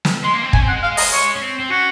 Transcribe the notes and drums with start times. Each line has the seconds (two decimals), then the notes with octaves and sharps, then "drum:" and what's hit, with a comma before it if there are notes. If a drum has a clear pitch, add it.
0.05 drum: snare
0.24 G#3 C6
0.34 A#3
0.44 C4
0.53 C#4 G#5, drum: kick
0.63 C4
0.68 F#5
0.73 G#3
0.83 F5
0.97 D#5, drum: open hi-hat
1.12 C#5
1.35 C#4
1.42 C4
1.60 C4
1.70 C#4 F#4